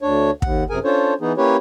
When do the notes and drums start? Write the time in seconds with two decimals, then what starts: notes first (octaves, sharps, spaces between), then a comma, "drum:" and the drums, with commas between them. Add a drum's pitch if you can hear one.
0.01 D2 D4 C#5
0.42 D#2 F#5, drum: kick
0.70 F#2 C3 G#4 A#4 G#5
0.84 C#4 D4 F4 A4 C5 C#5
1.21 E3 B3 D#4 G#4
1.37 A#3 C#4 E4 G4 B4 C#5